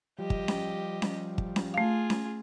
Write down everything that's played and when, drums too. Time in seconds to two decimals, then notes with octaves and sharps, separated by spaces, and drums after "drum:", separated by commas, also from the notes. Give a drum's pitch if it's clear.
0.19 F3 G3 G4 D#5
0.30 drum: kick
0.48 drum: snare C#4
1.02 drum: snare C#4
1.38 drum: kick
1.56 drum: snare C#4
1.74 A3 F4 G#4 F5
2.10 drum: snare C#4